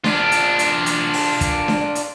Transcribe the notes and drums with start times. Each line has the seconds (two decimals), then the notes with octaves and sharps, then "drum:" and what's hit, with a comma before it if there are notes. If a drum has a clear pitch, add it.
0.04 D4 F4, drum: snare D4
0.31 drum: hi-hat
0.59 drum: hi-hat
0.86 drum: hi-hat
1.13 drum: open hi-hat
1.41 drum: kick, hi-hat
1.68 drum: snare D4
1.95 drum: hi-hat